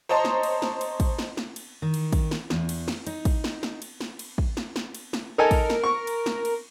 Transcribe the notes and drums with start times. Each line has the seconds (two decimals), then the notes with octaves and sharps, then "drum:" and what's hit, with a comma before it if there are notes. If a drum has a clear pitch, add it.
0.09 C5 C#5 D#5 A5 A#5 C6
0.25 drum: snare
0.43 drum: cymbal
0.62 drum: snare
0.81 drum: cymbal
1.00 drum: kick, cymbal
1.19 drum: snare
1.37 drum: snare
1.56 drum: cymbal
1.82 D#3
1.94 drum: cymbal
2.13 drum: kick, cymbal
2.31 drum: snare
2.50 E2, drum: snare
2.69 drum: cymbal
2.88 drum: snare
3.07 D#4, drum: cymbal
3.25 drum: kick, cymbal
3.44 drum: snare
3.63 drum: snare
3.82 drum: cymbal
4.01 drum: snare
4.19 drum: cymbal
4.38 drum: kick
4.57 drum: snare
4.76 drum: snare
4.95 drum: cymbal
5.13 drum: snare
5.38 D#4 A4 A#4 G#5
5.51 drum: kick, cymbal
5.70 drum: snare
5.84 C#6
6.07 drum: cymbal
6.26 drum: snare
6.45 drum: cymbal